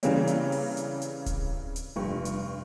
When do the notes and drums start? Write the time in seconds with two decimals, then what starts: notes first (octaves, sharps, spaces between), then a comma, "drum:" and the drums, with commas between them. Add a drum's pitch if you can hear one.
0.03 C#3 E3 G3 A#3 C4 C#4, drum: hi-hat
0.27 drum: hi-hat
0.52 drum: open hi-hat
0.77 drum: hi-hat
1.02 drum: hi-hat
1.26 drum: kick D1, hi-hat
1.76 drum: hi-hat
1.96 F1 G2 C#6
2.25 drum: hi-hat